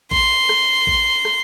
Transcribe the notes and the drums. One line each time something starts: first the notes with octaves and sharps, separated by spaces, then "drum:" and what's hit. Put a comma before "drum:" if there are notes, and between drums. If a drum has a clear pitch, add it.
C6, drum: kick A#1
drum: rim click
drum: kick A#1
drum: rim click